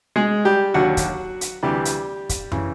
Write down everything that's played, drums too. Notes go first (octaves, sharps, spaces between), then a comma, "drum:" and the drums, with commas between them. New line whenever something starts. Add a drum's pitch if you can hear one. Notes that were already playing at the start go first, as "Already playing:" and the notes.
G#3 G#4
G3 G4
D#2 D3 F#3 F#4
drum: kick, hi-hat
drum: hi-hat
D2 C3 E3 G3 G4
drum: hi-hat
drum: kick, hi-hat
C#3 E3, drum: tom